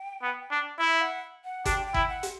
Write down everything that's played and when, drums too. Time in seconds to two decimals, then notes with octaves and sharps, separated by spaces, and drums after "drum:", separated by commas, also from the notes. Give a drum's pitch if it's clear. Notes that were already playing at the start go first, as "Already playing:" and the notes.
Already playing: G5
0.22 B3
0.51 D4
0.79 E4 E5
1.01 F#5
1.45 F#5
1.65 D4 G5, drum: kick, hi-hat
1.87 G5
1.94 E4, drum: kick
2.09 F#5
2.23 drum: hi-hat